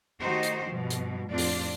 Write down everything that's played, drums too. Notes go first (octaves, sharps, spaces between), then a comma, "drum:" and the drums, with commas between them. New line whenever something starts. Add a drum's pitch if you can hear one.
D#3 A3 D#4 F#4 G4 C5
drum: hi-hat
G2 B2 F3
drum: hi-hat
F2 A2 C4 D4 F4 D5
drum: open hi-hat